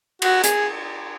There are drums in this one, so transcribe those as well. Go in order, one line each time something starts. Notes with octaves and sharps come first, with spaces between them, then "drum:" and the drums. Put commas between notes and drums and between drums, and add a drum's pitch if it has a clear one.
F#4, drum: cymbal
G#4, drum: hi-hat